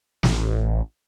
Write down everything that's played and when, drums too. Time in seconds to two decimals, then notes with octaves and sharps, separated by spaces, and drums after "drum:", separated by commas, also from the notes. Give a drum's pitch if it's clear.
0.23 A1, drum: snare